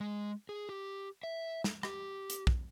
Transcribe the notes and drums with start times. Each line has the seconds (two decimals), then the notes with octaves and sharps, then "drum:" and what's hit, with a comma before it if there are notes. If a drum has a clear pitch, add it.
0.01 G#3
0.49 G#4
0.69 G4
1.23 E5
1.64 drum: snare
1.83 G4, drum: rim click
2.30 drum: hi-hat
2.47 drum: kick